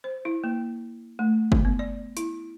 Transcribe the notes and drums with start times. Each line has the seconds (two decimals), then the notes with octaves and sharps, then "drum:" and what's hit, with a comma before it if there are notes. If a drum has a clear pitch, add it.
0.04 C5
0.25 E4
0.44 A#3
1.19 A3
1.52 drum: kick F#1
1.65 B3
1.79 D5
2.17 E4, drum: hi-hat